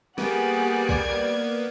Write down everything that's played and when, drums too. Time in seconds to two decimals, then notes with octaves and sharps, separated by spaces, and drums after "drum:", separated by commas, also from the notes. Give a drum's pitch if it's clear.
0.18 G3 A#3 B3 G4 G#4 F#5, drum: snare
0.89 D5 G#6, drum: kick